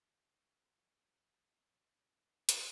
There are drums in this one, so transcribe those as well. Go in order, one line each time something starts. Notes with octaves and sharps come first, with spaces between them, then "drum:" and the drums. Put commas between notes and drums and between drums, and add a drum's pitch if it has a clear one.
F#3 C#5
drum: hi-hat